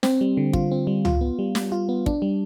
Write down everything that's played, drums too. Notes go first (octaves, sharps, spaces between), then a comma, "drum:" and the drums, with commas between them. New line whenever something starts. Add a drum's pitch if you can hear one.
C4, drum: snare
G3
D3
F4, drum: kick
C4
G3
F4, drum: tom C#2
B3
G3
G3, drum: snare
F4
B3
D4, drum: kick
G3